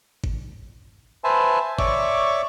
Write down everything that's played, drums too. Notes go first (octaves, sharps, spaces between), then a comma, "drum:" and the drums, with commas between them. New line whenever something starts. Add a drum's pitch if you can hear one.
drum: kick
B4 C5 E5 G#5 A5
C#5 D5 E5 C#6 D6, drum: kick